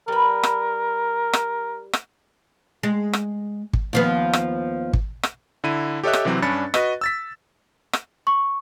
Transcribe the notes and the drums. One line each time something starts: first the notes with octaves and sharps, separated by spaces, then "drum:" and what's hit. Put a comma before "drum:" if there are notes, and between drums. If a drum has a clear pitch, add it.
G3 A#4 B4
drum: rim click
drum: rim click
drum: rim click
G#3
drum: rim click
drum: kick
D#2 F3 B3
drum: rim click
drum: kick
drum: rim click
D3 E4 D#7
G4 A4 C#5 D#5 E5 F#6
drum: rim click
C3 E3 F#3 C4
G2 C#4 D4 B5 A6 C#7
F#4 B4 D#5, drum: rim click
E6 A6 B6
drum: rim click
C#6